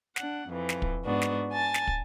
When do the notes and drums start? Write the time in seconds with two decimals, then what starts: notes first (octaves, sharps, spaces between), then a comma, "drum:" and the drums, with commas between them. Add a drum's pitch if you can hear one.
0.16 D4 F#5, drum: snare
0.49 F2 E3
0.69 drum: snare
0.82 drum: kick
1.03 G#2 B3 D4 F#4
1.21 drum: snare
1.52 G#5 A5 A6
1.74 drum: snare
1.87 drum: kick